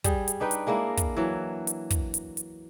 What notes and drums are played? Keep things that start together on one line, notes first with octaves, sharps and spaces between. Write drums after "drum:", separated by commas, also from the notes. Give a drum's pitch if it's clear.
G3 G#4, drum: kick, hi-hat
drum: hi-hat
D4 D#4 B4 G5
drum: hi-hat
G#3 A#3 D4 E4
drum: kick, hi-hat
E3 F#3
drum: hi-hat
drum: kick, hi-hat
drum: hi-hat
drum: hi-hat